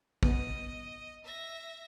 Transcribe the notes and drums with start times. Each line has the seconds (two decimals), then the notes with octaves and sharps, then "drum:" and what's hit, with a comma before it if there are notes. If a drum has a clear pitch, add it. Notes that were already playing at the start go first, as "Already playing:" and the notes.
0.23 B3 D#5, drum: kick
1.25 E5 A#6